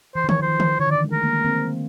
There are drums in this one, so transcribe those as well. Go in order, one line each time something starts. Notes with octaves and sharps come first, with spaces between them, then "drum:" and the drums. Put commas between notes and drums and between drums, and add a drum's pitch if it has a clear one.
E3 C5
D#3
E3 C#5, drum: tom
F3 C5
D#3
drum: tom
D#3
D3 C#5
D#3 D5
E3
G#3
A3 A#4
G#3 A#3
A#3 C4